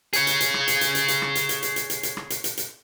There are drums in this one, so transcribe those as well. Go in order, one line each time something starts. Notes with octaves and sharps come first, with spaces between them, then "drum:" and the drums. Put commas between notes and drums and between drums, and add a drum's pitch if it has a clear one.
G#4 C#5, drum: hi-hat
drum: hi-hat
drum: hi-hat
drum: rim click
drum: hi-hat
drum: hi-hat
drum: hi-hat
drum: hi-hat
drum: rim click
drum: hi-hat
drum: hi-hat
drum: hi-hat
drum: hi-hat
drum: hi-hat
drum: hi-hat
drum: rim click
drum: hi-hat
drum: hi-hat
drum: hi-hat